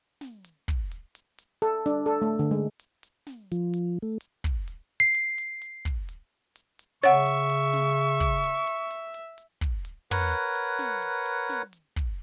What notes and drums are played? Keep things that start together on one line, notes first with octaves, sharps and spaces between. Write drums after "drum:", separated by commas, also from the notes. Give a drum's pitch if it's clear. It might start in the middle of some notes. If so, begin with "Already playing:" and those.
drum: snare
drum: hi-hat
drum: kick, hi-hat
drum: hi-hat
drum: hi-hat
drum: hi-hat
A4, drum: hi-hat
D4, drum: hi-hat
A4
A3
D3
G#3
drum: hi-hat
drum: hi-hat
drum: snare
F3, drum: hi-hat
drum: hi-hat
A3
drum: hi-hat
drum: kick, hi-hat
drum: hi-hat
C7
drum: hi-hat
drum: hi-hat
drum: hi-hat
drum: kick, hi-hat
drum: hi-hat
drum: hi-hat
drum: hi-hat
C#3 C#5 E5 F#5 C#6, drum: snare
drum: hi-hat
drum: hi-hat
drum: snare
drum: kick, hi-hat
drum: hi-hat
drum: hi-hat
drum: hi-hat
drum: hi-hat
drum: hi-hat
drum: kick, hi-hat
drum: hi-hat
A#4 B4 C#5 F#5, drum: tom
drum: hi-hat
drum: hi-hat
drum: snare
drum: hi-hat
drum: hi-hat
drum: snare
drum: hi-hat
drum: kick, hi-hat